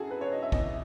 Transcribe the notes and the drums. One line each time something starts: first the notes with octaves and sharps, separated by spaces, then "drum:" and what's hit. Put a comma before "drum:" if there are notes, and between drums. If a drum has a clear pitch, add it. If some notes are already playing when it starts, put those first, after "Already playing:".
Already playing: F#2 F#4 G#4 A4
B4
C#5
D#5
E5
E2 B2 D#5, drum: kick